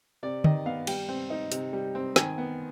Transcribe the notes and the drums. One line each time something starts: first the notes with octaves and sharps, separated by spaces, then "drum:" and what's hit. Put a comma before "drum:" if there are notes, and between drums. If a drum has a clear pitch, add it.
C3 D5
D#3 D#5, drum: tom D3
B3 F5
G3 G5, drum: cymbal
C4
D#4
C3, drum: hi-hat
G3
C4
D#3 G#5, drum: snare
B3